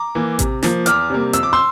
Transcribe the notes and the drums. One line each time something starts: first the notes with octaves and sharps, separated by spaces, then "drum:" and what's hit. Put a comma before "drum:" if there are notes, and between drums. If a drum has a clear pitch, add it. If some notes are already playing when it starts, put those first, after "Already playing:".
Already playing: A#5 D6
E3 A#3
C3, drum: kick A1, hi-hat
F3 A#3, drum: snare
E2 D6 F6, drum: hi-hat
C3 G3 A#3
F2 E6, drum: hi-hat
D6
C6 E6